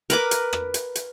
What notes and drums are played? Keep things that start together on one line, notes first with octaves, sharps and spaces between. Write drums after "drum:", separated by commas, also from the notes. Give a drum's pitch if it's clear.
A#4 B4 D6, drum: hi-hat
drum: hi-hat
drum: rim click
drum: hi-hat
drum: hi-hat